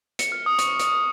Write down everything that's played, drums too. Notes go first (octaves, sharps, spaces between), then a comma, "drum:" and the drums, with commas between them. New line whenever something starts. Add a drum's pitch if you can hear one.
C#7, drum: hi-hat
F6
D#6
C#6, drum: hi-hat
drum: hi-hat